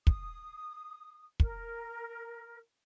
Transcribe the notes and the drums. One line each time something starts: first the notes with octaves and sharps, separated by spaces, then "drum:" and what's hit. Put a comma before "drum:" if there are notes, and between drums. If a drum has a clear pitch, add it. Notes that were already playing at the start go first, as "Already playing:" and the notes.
D#6, drum: kick
A#4, drum: kick